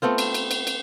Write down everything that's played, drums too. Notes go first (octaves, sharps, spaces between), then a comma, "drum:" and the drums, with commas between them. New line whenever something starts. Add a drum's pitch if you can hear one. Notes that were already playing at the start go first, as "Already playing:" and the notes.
A3 B3 C4 F4
drum: cymbal
drum: cymbal
drum: cymbal
drum: cymbal